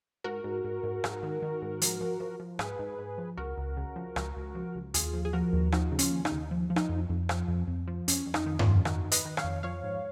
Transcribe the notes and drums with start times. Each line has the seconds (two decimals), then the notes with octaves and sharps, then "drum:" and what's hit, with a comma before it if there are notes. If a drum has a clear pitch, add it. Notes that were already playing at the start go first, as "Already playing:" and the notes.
0.24 G#2 F#4 A#4
0.44 G#2
0.65 G#2
0.83 G#2
1.04 G#2, drum: rim click
1.23 D#3
1.42 D#3
1.62 G#2
1.82 F3, drum: hi-hat
2.01 F3
2.20 F3
2.40 F3
2.59 G#2 G#4 B4, drum: rim click
2.79 G#2
2.99 G#2
3.18 F3
3.37 C#2 F#4 A#4
3.58 C#2
3.77 C#3
3.96 F3
4.16 C#2, drum: rim click
4.36 C#2
4.55 F3
4.75 C#2
4.94 D#2 F4 G#4, drum: hi-hat
5.13 F3
5.25 G#4
5.33 F3 F#4 A#4
5.53 D#2
5.72 F3 D#4 F#4, drum: rim click
5.92 C#3
5.99 C#4 F4, drum: hi-hat
6.11 D#2
6.25 D#4, drum: rim click
6.31 D#2
6.51 F3
6.70 F3
6.76 D#4, drum: rim click
6.89 F2
7.10 F2
7.29 F3, drum: rim click
7.48 F2
7.68 F2
7.88 F3
8.08 F2 C#4, drum: hi-hat
8.26 F2
8.34 D#4, drum: rim click
8.46 D#3
8.59 C#4 F4, drum: tom G2
8.66 F2
8.85 D#3 D#4 F#4, drum: rim click
9.05 D#3
9.12 B4 D#5, drum: hi-hat
9.25 D#3
9.37 C#5 F5, drum: rim click
9.44 F2
9.63 F3 C#5 F5
9.84 G#2